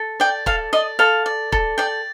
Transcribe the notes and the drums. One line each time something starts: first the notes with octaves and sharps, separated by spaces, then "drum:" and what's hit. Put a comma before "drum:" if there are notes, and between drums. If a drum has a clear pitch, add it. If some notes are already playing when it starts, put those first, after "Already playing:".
Already playing: A4
D5 G5
A4 F5, drum: kick
D5 D#5
A4 F5
D5
A4, drum: kick
D5 G5